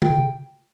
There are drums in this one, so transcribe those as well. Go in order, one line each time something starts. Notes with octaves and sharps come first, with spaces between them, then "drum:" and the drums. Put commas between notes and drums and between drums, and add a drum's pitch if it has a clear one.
D#3 G5, drum: tom
D3
C#3